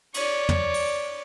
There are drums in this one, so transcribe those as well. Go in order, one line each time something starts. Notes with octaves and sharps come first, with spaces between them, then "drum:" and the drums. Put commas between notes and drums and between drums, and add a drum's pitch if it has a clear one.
C#5 D5, drum: cymbal
drum: tom
drum: open hi-hat